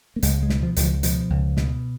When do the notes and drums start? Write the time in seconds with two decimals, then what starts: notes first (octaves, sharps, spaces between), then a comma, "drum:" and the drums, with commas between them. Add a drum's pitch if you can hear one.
0.16 A#3
0.23 C#2 G#3, drum: hi-hat
0.42 G#3
0.50 B2, drum: snare
0.63 F3
0.76 C#2 D#3, drum: hi-hat
0.83 F3
1.03 B2 F3, drum: hi-hat
1.30 C#2
1.57 B2, drum: snare